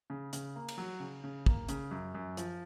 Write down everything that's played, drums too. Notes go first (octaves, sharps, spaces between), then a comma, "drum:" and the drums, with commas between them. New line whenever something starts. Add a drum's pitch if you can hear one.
C#3
C#3, drum: hi-hat
A#3
drum: cymbal
F#3
C#3
C#3
A#3, drum: kick
C#3, drum: hi-hat
F#2
F#2
F3, drum: hi-hat